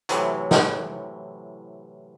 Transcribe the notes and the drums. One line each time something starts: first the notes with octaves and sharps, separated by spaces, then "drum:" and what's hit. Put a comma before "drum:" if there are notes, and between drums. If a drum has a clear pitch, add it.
A2 C3 E3 F#3, drum: hi-hat
drum: snare